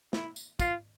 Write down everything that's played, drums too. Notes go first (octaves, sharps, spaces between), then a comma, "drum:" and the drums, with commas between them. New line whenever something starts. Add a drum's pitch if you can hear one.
E4, drum: snare
drum: tambourine
F4, drum: kick, tambourine